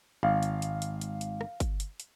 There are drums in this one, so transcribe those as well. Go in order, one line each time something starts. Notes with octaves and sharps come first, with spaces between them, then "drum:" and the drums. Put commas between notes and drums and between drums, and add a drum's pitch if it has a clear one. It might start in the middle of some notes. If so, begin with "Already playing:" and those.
G#1 F5
drum: hi-hat
drum: hi-hat
drum: hi-hat
drum: hi-hat
drum: hi-hat
drum: rim click
drum: kick G1, hi-hat
drum: hi-hat
drum: hi-hat